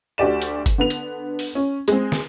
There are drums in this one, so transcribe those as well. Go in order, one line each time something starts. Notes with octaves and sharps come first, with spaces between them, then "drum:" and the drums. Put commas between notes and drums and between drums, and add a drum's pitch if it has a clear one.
D2 F#4 G4 D5 E7
drum: hi-hat
drum: kick G1, hi-hat
D3 B3 F7
drum: hi-hat
drum: open hi-hat
C#4
G#3 C4, drum: hi-hat
drum: snare